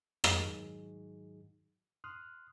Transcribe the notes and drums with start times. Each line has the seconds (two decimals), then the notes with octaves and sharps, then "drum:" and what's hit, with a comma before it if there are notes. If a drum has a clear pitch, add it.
0.24 G#2 D#3 F#3 D#4 F#4 G#4, drum: rim click
2.04 C6 D#6 F6 F#6